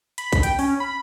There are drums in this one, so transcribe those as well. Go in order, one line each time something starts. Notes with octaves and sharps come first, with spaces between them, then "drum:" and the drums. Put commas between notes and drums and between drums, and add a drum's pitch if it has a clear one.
B5, drum: hi-hat
drum: kick, hi-hat
G5, drum: hi-hat
C#4, drum: open hi-hat
B5